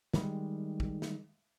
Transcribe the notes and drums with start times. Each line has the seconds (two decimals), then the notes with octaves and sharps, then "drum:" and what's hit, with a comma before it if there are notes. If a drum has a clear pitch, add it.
0.13 D#3 G3 G#3, drum: snare
0.80 drum: kick
1.02 drum: snare